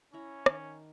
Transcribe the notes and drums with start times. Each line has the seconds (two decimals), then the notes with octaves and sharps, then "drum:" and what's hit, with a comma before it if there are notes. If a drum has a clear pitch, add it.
0.13 C#4 E4 A#5
0.46 D#3 D6, drum: rim click